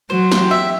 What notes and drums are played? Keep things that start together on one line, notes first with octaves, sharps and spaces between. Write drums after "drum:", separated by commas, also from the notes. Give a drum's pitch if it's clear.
F#3 C5
G4, drum: snare
E5